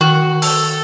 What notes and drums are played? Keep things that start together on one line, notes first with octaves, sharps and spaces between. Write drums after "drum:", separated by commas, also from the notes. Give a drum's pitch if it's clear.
D#3 F#4
A4, drum: open hi-hat